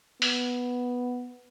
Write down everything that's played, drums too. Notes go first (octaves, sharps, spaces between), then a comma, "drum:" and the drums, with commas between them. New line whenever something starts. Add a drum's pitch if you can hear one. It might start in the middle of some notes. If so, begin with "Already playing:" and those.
B3, drum: open hi-hat